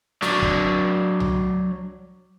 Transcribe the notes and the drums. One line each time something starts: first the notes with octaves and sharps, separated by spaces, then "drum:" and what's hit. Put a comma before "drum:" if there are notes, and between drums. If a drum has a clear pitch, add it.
F#3 D4, drum: snare
drum: kick
drum: tom C2